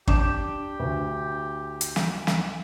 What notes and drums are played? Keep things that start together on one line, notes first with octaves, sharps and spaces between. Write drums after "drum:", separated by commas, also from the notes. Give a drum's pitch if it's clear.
D4 G4 D6 E7, drum: kick
D2
drum: hi-hat
drum: snare
drum: snare